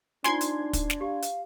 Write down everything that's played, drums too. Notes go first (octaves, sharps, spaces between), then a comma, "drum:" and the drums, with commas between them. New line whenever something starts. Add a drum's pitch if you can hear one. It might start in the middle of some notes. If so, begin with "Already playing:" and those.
D4 D#4 F4 C5 G#5 C6 G#6, drum: snare
drum: hi-hat
drum: kick, hi-hat
drum: snare
G4 F5
drum: hi-hat